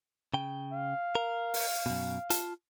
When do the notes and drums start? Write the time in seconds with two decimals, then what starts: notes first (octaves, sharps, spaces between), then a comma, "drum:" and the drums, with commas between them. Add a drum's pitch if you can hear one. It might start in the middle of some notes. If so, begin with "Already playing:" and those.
0.34 C#3 G5
0.72 F5
1.15 A#4
1.54 drum: open hi-hat
1.86 F#2 B2
2.30 F4 A5, drum: hi-hat